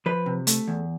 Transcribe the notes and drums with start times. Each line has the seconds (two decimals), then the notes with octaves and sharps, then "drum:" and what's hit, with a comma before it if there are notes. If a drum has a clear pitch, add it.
0.06 F3 B4
0.26 C3
0.47 A3, drum: hi-hat
0.68 E2